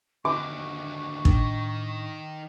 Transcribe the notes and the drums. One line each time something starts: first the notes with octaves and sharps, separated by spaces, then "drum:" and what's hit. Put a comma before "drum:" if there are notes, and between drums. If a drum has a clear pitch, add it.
D2 D#3 C#6 D6
A2 D#3 D4, drum: kick